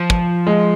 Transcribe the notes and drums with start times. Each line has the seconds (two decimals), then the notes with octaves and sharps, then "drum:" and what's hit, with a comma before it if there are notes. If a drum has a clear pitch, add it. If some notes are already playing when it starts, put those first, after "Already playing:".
Already playing: F3
0.10 drum: kick
0.47 G#3